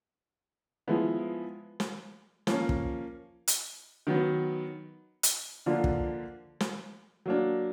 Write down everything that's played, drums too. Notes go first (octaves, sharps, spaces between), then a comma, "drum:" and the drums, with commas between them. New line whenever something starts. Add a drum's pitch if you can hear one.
F3 G#3 B3 E4
drum: snare
F3 A#3 C#4, drum: snare
drum: kick
drum: hi-hat
D#3 F#3 B3
drum: hi-hat
D3 F3 A#3 D4 F4
drum: kick
drum: snare
F#3 A#3 D4